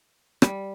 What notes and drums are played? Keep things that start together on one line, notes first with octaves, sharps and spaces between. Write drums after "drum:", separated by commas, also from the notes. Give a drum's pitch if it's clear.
G3, drum: rim click